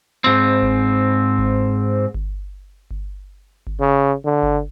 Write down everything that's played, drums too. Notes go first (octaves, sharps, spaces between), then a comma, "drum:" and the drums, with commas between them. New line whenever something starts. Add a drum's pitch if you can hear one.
G#2 C4
drum: kick G1
drum: kick G1
drum: kick G1
drum: kick G1
drum: kick G1
C#3
D3
drum: kick G1